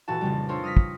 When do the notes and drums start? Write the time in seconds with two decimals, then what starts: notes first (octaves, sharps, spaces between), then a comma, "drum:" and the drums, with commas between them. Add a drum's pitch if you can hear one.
0.08 D#1 A#2 E3 F#4 A5
0.21 F2 C#3 G3
0.48 D4 F4 A4 A#4 C5 C#5
0.63 D#6 F6 A#6 B6
0.77 drum: kick